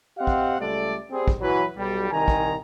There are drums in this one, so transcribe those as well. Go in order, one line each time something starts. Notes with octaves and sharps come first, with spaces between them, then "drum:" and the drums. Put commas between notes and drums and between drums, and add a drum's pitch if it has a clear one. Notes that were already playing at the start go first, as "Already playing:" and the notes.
C4 G4 D#5 F5 F#5
drum: kick
C#2 G3 A3 A4 D5
G3 C4 G#4
drum: kick
E3 F#3 B4
B1 G3
C2 D#3 G#5 A#5
drum: kick